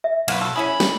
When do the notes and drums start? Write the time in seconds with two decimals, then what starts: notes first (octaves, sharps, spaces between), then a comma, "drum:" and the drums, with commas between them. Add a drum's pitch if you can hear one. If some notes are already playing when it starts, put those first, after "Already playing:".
0.04 E5
0.28 B1 A#3 B4 F#5, drum: cymbal
0.41 F#4 A4
0.56 C#4 E4 G#4 B5
0.80 drum: snare